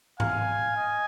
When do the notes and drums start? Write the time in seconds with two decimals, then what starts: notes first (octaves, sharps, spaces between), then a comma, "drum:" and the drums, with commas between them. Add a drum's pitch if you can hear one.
0.20 F5 G#5, drum: tom G#2
0.77 D#5